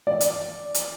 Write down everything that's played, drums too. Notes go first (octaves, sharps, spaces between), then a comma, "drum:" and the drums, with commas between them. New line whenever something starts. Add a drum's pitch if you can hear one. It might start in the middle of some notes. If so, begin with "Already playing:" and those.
D5
drum: hi-hat
drum: hi-hat